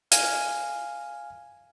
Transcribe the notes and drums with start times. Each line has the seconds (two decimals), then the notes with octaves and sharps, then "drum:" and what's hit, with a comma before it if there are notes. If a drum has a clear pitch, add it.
0.11 F5 G#5, drum: hi-hat